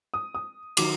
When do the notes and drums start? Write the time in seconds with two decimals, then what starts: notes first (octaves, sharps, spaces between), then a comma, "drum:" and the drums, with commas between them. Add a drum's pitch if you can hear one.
0.14 D#6
0.35 D#6
0.77 D#3 F#3 D6, drum: cymbal